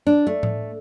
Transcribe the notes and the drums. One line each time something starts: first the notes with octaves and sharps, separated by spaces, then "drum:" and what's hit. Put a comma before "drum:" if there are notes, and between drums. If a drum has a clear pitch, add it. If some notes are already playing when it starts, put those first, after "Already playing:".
D4
A3
drum: tom A2